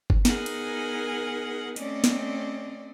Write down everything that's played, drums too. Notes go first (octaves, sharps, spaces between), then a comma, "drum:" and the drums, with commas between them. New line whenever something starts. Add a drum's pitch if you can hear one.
drum: kick G1
B3 D#4 G#4 A#4 F#5 G#5, drum: snare
drum: cymbal
A3 C4 C#4 D5 D#5, drum: hi-hat
drum: snare